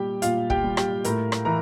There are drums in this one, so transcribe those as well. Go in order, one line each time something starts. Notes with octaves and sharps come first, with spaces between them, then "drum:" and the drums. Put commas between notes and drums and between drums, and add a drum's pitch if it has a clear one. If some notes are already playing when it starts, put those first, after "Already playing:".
Already playing: A#2 G3 G4 G5
A#2 F4 F5, drum: hi-hat
G4 G5, drum: kick
G3
G4 G5, drum: rim click
A2 A#4 A#5, drum: hi-hat
drum: rim click
E3 A#4 A#5